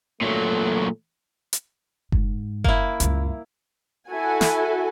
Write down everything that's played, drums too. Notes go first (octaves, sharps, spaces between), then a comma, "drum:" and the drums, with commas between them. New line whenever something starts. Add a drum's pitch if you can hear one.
A#2 F#3 A3
drum: hi-hat
G#2, drum: kick F#1
A#3 E4, drum: kick F#1
C#2 F#2, drum: hi-hat
E4 F#4 A4 G#5
drum: snare